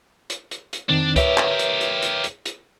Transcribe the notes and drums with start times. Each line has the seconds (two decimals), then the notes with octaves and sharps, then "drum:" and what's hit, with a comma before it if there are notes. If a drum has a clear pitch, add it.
0.30 drum: hi-hat
0.51 drum: hi-hat
0.73 drum: hi-hat
0.89 F2 D#3 C4 D4
1.16 G4 A#4 B4 C#5 E5, drum: kick C#2, hi-hat
1.38 drum: clap
1.59 drum: hi-hat
1.81 drum: hi-hat
2.02 drum: hi-hat
2.24 drum: hi-hat
2.46 drum: hi-hat